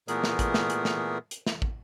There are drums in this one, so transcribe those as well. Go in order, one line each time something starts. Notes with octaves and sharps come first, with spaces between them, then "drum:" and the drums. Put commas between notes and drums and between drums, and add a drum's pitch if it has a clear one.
A#2 E3 A3 B3 G#4 A#4, drum: hi-hat
drum: snare
drum: kick, hi-hat
drum: snare
drum: hi-hat
drum: snare
drum: hi-hat
drum: snare
drum: kick